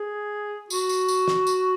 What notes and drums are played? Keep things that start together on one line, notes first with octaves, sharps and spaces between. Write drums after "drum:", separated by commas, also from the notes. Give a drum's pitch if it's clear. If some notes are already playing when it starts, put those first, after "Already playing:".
Already playing: G#4
F#4, drum: tambourine
drum: tambourine
drum: tambourine
drum: snare
drum: tambourine